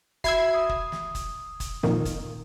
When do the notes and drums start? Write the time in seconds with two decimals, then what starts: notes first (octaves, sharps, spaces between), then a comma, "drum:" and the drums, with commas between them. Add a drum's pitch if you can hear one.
0.24 F#4 E5 B5 E6 G#6 C7, drum: kick, hi-hat
0.54 D#6
0.69 drum: kick
0.92 drum: snare
1.15 drum: kick, hi-hat
1.60 drum: kick, hi-hat
1.83 F2 A#2 D#3, drum: snare
2.05 drum: kick, hi-hat